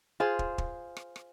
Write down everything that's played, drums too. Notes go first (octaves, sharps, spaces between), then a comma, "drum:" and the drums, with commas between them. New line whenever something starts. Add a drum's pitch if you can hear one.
F4 G#4 C5
drum: kick
drum: kick
drum: rim click
drum: rim click